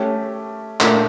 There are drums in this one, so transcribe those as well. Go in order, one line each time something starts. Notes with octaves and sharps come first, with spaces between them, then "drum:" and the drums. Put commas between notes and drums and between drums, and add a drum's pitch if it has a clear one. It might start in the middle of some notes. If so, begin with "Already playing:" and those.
Already playing: A3 C#4 G4
A#2 A3 D4 F4 A#4, drum: clap